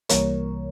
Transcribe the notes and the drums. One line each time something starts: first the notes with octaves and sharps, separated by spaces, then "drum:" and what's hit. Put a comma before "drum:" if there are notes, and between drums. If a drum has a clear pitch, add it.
C2 C3 E3 G3 A#3 A#4 C#5, drum: hi-hat